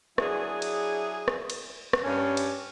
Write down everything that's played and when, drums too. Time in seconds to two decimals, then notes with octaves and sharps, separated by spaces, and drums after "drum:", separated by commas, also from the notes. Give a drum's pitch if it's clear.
0.18 F#3 D4 E4 G#4, drum: rim click
0.62 drum: cymbal
1.28 drum: rim click
1.50 drum: cymbal
1.93 drum: rim click
2.04 G2 C#4
2.37 drum: cymbal